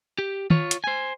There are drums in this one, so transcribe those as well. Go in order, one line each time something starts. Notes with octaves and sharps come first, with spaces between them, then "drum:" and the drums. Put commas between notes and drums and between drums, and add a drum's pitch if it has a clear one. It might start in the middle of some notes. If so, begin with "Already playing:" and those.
G4
F4 C#5, drum: tom
drum: hi-hat
C5 G#5